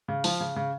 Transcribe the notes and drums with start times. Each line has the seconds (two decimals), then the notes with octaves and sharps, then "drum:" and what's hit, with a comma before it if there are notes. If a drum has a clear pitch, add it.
0.08 C#3
0.24 F3, drum: open hi-hat
0.40 C#3
0.56 C#3